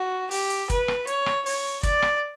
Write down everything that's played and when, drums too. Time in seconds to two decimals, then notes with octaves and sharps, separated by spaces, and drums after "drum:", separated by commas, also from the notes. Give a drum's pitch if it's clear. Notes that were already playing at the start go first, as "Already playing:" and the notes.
Already playing: F#4
0.31 G4, drum: open hi-hat
0.50 drum: hi-hat
0.70 B4, drum: kick, hi-hat
0.88 drum: rim click
1.07 C#5, drum: hi-hat
1.26 drum: rim click
1.46 C#5, drum: open hi-hat
1.83 D5, drum: kick, hi-hat
2.02 drum: rim click